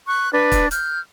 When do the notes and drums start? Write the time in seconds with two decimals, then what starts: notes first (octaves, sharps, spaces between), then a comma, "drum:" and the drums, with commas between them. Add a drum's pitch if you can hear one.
0.08 C#6 F#6
0.33 D4 B4
0.52 drum: kick, hi-hat
0.71 F6 G6, drum: hi-hat